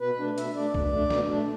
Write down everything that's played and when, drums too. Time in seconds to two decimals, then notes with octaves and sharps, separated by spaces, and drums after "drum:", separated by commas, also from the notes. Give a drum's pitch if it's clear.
0.01 B2 B4
0.19 A3 D4
0.38 B2 E5, drum: hi-hat
0.56 A3 D4 D5
0.74 B2, drum: kick C2
0.93 A3 D4
1.10 B2, drum: snare
1.29 A3 D4